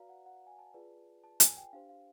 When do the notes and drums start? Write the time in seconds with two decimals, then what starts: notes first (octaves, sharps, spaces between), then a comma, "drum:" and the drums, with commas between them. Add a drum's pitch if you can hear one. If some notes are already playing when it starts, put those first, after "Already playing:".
Already playing: F#4 B4 D5 F5 A#5
0.09 F#5
0.26 F#5
0.47 G#5
0.59 A5
0.74 F4 G#4 B4 D5
1.24 A5
1.40 G#5, drum: hi-hat
1.57 G5
1.73 D4 G4 C5 F5
1.89 F5